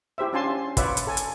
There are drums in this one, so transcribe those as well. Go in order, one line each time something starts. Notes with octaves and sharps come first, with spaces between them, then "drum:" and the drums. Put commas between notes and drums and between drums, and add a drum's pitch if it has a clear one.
E4 G4 C5 E5
C#4 D4 F4 G#5 A5 C6
F4 B4 C#5 D5 E5 F#5, drum: kick, hi-hat
drum: hi-hat
A4 G#5
drum: hi-hat